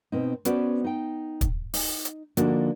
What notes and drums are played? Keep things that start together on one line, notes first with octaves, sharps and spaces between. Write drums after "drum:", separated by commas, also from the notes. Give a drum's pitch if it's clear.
B2 C4 D#4
B3 C#4 F#4 B4 C5 D5, drum: hi-hat
D#4 G5
drum: kick, hi-hat
D#4, drum: open hi-hat
drum: hi-hat
D3 F3 A#3 D4 D#4 F#4, drum: hi-hat